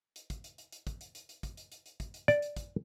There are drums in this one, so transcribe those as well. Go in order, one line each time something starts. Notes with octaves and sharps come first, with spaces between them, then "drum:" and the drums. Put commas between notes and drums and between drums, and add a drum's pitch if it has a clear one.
drum: hi-hat
drum: kick, hi-hat
drum: hi-hat
drum: hi-hat
drum: hi-hat
drum: kick, hi-hat
drum: hi-hat
drum: hi-hat
drum: hi-hat
drum: kick, hi-hat
drum: hi-hat
drum: hi-hat
drum: hi-hat
drum: kick, hi-hat
drum: hi-hat
D5, drum: hi-hat
drum: hi-hat
drum: kick, hi-hat